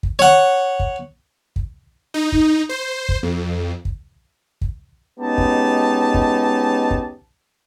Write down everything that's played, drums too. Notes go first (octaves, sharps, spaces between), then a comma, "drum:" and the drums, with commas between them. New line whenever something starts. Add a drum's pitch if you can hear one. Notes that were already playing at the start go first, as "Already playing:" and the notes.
drum: kick
C#5 F#5
drum: kick
drum: kick
D#4
drum: kick
C5
drum: kick
F2
drum: kick
drum: kick
G#3 B3 C#4 D#4 G4 A5
drum: kick
drum: kick
drum: kick